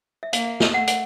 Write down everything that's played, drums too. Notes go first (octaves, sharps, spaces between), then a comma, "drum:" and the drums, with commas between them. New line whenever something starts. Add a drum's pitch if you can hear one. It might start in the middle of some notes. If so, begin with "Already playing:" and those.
E5
A#3 F5, drum: hi-hat
drum: snare
A3 F#5
F#5, drum: hi-hat